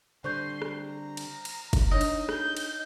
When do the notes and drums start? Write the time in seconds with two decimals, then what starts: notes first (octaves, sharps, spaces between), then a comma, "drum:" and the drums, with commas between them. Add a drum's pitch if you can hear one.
0.24 D3 G3 C4 C5 C6 C#6 G6
0.62 drum: rim click
0.82 A#5
1.17 drum: cymbal
1.45 drum: cymbal
1.73 drum: kick, cymbal
1.91 D4 D#4 A#4 C#5 D#5 A#6
2.01 drum: cymbal
2.29 G6, drum: rim click
2.57 drum: cymbal